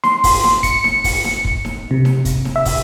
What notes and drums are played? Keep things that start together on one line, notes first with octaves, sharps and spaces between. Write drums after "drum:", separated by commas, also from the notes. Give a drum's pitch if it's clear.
C6, drum: snare D#4
drum: kick, open hi-hat
drum: snare D#4
C#7, drum: kick, hi-hat
drum: snare D#4
drum: kick, open hi-hat
drum: snare D#4
drum: kick
drum: snare D#4
C3
drum: snare D#4
drum: kick, hi-hat
drum: snare D#4
E5
drum: kick, open hi-hat